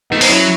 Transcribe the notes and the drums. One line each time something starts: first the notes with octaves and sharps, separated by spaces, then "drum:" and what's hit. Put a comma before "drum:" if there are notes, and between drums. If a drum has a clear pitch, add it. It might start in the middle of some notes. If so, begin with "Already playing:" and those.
A3 B3 D#4
G#3, drum: open hi-hat
F#3 C#4 E4